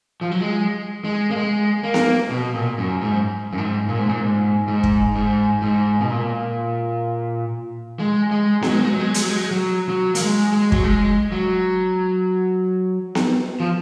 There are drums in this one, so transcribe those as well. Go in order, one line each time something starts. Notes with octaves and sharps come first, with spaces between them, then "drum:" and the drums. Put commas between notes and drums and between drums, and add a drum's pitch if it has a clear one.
F3
F#3
G#3
G#3
A#3
G#3
A#3
drum: snare B3
B2
A#2
F#2
G#2
F#2
G#2
A#2
G#2
A#2
G#2
G#2
drum: kick
G#2
G#2
B2
A#2
G#3
G#3
F#3, drum: snare B3
G#3
F#3
G#3
F#3
G#3
F#3
G#3, drum: hi-hat
F#3
G#3
F#3
G#3
F#3
F#3
A#3, drum: hi-hat
G#3
G#3
F#3, drum: kick
G#3
F#3
drum: snare B3
F3